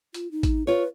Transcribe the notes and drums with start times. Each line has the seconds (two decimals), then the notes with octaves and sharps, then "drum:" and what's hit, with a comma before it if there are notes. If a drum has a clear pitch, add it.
0.14 F4, drum: hi-hat
0.31 D#4
0.43 drum: kick A1, hi-hat
0.67 F4 B4 C#5